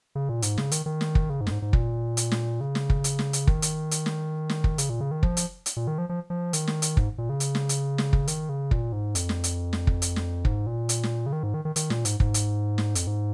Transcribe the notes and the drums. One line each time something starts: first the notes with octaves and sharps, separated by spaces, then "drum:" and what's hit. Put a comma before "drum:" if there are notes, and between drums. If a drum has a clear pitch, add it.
C#3
A#2
G#2, drum: hi-hat
C#3, drum: snare
D#3, drum: hi-hat
D#3
drum: snare
drum: kick
C#3
G#2
F2, drum: snare
G#2
G#2
A#2, drum: kick
drum: hi-hat
drum: snare
C#3
drum: snare
drum: kick
drum: hi-hat
drum: snare
drum: hi-hat
D#3, drum: kick
drum: hi-hat
drum: hi-hat
drum: snare
drum: snare
drum: kick
C#3, drum: hi-hat
A#2
C#3
D#3
F3, drum: kick
drum: hi-hat
drum: hi-hat
A#2
D#3
F3
F3
F3
D#3, drum: hi-hat
drum: snare
drum: hi-hat
G#2, drum: kick
A#2
C#3
drum: hi-hat
drum: snare
drum: hi-hat
drum: snare
drum: kick
D#3, drum: hi-hat
C#3
A#2, drum: kick
G#2
F2, drum: hi-hat
drum: snare
drum: hi-hat
drum: snare
drum: kick
drum: hi-hat
drum: snare
G#2, drum: kick
A#2
drum: hi-hat
drum: snare
C#3
D#3
G#2
D#3
D#3
D#3, drum: hi-hat
A#2, drum: snare
G#2, drum: hi-hat
G#2, drum: kick
drum: hi-hat
drum: snare
F2, drum: hi-hat
G#2